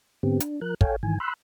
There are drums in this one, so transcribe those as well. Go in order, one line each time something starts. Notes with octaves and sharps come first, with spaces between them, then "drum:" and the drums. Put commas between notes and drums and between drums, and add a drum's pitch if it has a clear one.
G#2 D3 B3 C4 G4
D4, drum: hi-hat
F3 A#4 F#6
A4 C#5 F5 G5 G#5, drum: kick
G#2 D#3 E3 G#5
B5 C6 E6 F#6